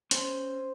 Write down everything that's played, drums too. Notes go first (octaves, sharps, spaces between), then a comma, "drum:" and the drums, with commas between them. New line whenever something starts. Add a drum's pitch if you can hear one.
C#4 C5, drum: hi-hat